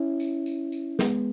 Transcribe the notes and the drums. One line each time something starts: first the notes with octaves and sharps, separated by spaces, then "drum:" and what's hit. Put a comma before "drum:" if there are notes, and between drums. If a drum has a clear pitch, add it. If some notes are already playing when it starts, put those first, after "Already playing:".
Already playing: C#4 E4
drum: tambourine
drum: tambourine
drum: tambourine
G#3 B3, drum: snare